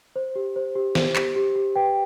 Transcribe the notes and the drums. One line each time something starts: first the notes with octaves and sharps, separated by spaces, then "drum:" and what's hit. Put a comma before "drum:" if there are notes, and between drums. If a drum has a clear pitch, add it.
C5
G4
C5
G4
C5, drum: snare
G4, drum: clap
G4
G4
B4 G5